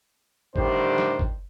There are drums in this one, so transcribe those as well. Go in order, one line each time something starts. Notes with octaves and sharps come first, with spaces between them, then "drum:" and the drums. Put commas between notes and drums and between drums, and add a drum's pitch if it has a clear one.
A2 D3 D#3 G3 D4 C5, drum: kick
drum: snare
drum: kick